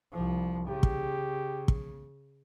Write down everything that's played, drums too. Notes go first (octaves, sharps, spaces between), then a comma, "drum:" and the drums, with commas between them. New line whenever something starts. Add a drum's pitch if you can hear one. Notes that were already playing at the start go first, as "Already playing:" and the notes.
C2 F3
C#3 G4
drum: kick
drum: kick